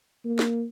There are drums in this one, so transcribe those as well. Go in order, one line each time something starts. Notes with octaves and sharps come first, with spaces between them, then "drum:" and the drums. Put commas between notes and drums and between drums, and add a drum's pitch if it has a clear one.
A#3
drum: snare